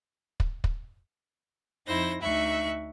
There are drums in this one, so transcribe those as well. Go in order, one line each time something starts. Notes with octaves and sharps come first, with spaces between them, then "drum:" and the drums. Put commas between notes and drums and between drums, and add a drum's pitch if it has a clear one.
drum: kick
drum: kick
F2 D#4 E4 C5 A#6
D2 D#4 E5 C#6 F#6